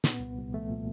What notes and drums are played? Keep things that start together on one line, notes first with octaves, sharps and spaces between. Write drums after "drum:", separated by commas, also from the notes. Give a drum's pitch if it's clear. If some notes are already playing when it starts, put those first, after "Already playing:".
A#2 B3, drum: snare
C2
C2
F3 A3
A#2